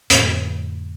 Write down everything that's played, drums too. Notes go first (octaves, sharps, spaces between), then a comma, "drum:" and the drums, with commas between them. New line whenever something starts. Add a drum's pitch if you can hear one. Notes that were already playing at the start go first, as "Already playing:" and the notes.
F2 A2 D3 A3, drum: hi-hat